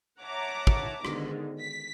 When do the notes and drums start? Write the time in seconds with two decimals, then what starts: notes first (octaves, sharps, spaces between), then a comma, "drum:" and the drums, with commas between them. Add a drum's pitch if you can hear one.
0.22 C#5 E5 F#5 A5 A#5 D6
0.67 drum: kick
1.05 G#2 B2 D3 D#3, drum: rim click
1.60 B6